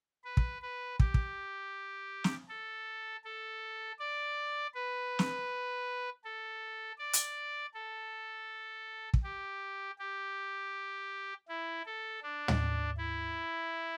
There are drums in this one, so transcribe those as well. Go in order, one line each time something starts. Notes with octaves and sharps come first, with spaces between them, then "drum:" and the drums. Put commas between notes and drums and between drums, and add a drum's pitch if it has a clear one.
B4
drum: kick
B4
G4, drum: kick
drum: kick
drum: snare
A4
A4
D5
B4
drum: snare
A4
D5
drum: hi-hat
A4
drum: kick
G4
G4
E4
A4
D4
drum: tom
E4